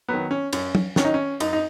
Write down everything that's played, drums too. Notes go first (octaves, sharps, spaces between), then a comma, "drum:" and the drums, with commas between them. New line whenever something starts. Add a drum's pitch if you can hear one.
D#3 F#3 B3
C#4
F#2 C#4, drum: cymbal
drum: tom
D#3 F#3 C#4, drum: snare
D#4
C#4
F#2 D#4, drum: cymbal
D#4